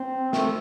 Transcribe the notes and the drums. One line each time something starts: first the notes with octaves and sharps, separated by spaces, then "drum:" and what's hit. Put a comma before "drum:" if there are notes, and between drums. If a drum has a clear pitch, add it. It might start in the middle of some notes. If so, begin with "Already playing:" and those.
Already playing: C4
A3, drum: snare